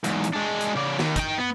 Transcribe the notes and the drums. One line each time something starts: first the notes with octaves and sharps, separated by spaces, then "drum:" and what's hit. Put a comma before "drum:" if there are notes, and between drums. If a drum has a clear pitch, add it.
E2 G#2, drum: hi-hat
drum: hi-hat
G#3 D4
drum: hi-hat
C#3 D5
D#2 D#3, drum: snare
D#4 G5, drum: kick, hi-hat
B3